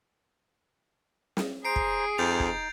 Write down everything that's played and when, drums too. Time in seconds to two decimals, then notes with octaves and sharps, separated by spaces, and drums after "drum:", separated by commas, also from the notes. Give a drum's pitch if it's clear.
1.37 drum: snare
1.65 G#4 C5 A#5 C7 D7
1.76 drum: kick
2.18 F2 D#4 G6 A6 F7
2.40 drum: kick